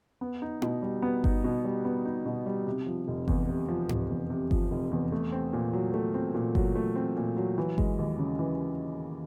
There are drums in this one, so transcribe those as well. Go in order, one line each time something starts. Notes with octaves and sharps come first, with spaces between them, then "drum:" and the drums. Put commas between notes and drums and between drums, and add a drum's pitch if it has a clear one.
B3
D#4
B2, drum: tom E4
G3
B3
D#4, drum: kick G1
B2
G3
B3
D#4
B2
G3
C3
F3
F1
E2, drum: kick G1
C3
F3
F1, drum: tom G#2
E2
C3
F3, drum: kick G1
F1
E2
A3
C4
A#2
F#3
A3
C4
A#2
F#3, drum: kick G1
A3
C4
A#2
F#3
E3
G#3, drum: kick G1
D#2
C#3
E3